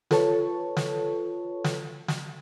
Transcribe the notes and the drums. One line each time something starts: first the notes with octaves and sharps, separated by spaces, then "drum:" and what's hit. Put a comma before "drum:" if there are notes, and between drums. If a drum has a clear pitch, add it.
F4 A4 B4 C#5 A5 C#6, drum: snare
drum: snare
drum: snare
drum: snare